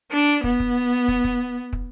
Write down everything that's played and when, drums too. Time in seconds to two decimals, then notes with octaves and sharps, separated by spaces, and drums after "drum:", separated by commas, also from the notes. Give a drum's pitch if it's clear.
0.12 D4
0.44 B3, drum: kick
0.60 drum: kick
1.08 drum: kick
1.24 drum: kick
1.73 drum: kick